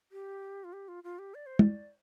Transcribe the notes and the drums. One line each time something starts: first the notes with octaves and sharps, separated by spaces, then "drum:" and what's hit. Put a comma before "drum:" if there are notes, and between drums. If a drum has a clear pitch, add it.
G4
F4
G4
F4
F4
G4
D5
C5
D5, drum: tom